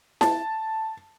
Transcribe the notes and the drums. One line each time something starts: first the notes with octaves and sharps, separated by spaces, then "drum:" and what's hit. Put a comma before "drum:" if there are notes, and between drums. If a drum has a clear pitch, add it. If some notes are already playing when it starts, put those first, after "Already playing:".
A5, drum: snare E4